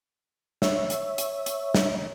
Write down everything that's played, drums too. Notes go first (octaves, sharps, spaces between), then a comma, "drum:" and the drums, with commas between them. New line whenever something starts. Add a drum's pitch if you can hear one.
C#5 E5, drum: snare
drum: hi-hat
drum: hi-hat
drum: hi-hat
drum: snare